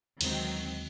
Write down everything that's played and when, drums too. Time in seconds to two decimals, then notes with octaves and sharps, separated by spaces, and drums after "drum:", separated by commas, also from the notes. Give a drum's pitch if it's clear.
0.21 D#2 D3 D#3 F#3 G#3 C4, drum: cymbal